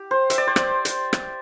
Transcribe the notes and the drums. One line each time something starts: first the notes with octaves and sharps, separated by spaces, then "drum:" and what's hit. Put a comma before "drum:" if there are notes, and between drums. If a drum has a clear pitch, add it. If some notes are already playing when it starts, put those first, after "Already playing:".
Already playing: G4
C5
E5, drum: hi-hat
D5
C5
D5, drum: rim click
drum: hi-hat
drum: rim click